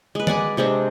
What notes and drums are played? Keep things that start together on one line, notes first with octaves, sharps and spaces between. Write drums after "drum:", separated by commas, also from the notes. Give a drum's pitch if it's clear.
G#3 B4
D5 F#5 G#5, drum: tom D#3
C3 G#3 C4 D4